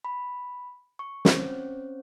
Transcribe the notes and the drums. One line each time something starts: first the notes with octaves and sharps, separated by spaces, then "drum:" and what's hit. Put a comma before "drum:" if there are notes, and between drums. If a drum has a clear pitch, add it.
B5
C#6
C4 C#4 C5 C#5, drum: snare